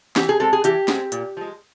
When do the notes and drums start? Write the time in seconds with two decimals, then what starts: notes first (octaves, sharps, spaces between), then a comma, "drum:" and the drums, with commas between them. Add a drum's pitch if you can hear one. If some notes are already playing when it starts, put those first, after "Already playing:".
0.16 E3 G4, drum: snare
0.29 G#4
0.40 G#3 C4 A4
0.53 G#4
0.64 E3 G4, drum: hi-hat
0.88 G#3, drum: snare
0.93 C4
1.12 A#2, drum: hi-hat
1.37 F3 G#3